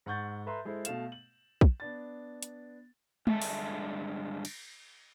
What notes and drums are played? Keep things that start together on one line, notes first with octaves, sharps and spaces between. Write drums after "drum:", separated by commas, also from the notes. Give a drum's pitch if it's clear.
G#2 F#5 C#6 G6 A6
A4 B4 E5 A#5 C6
G#3 E4 A4 C5
B2 A3 F5 E7, drum: hi-hat
F#7
drum: kick
B3 D4 A6
drum: hi-hat
G2 D3 G#3 A4 E5 A5, drum: tom G#3
drum: open hi-hat
drum: cymbal